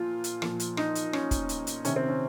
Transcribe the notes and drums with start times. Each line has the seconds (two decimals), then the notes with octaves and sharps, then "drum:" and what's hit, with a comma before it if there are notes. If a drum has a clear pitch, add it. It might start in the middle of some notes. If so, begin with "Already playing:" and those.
Already playing: A#2 F3 F4
0.24 drum: hi-hat
0.42 A#2 F3, drum: rim click
0.60 drum: hi-hat
0.77 D#4, drum: rim click
0.95 drum: hi-hat
1.13 C#4, drum: rim click
1.31 drum: kick, hi-hat
1.49 drum: hi-hat
1.67 drum: hi-hat
1.85 C3 D#3 C#4, drum: hi-hat
1.96 C4
2.09 C#4